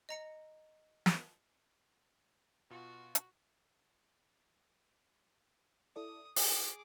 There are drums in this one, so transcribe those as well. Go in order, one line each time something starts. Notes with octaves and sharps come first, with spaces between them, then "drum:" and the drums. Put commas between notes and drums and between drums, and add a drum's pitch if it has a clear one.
D#5 A#5 C#7
drum: snare
B2 F4 F#4
drum: hi-hat
E4 A4 D5 D#6
G#4 D6 C7, drum: open hi-hat